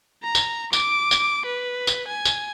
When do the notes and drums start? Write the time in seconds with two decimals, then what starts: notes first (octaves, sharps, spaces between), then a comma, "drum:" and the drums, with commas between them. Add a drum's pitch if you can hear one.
0.23 A#5
0.35 drum: tambourine
0.73 D6, drum: tambourine
1.11 drum: tambourine
1.46 B4
1.87 drum: tambourine
2.08 G#5
2.25 drum: tambourine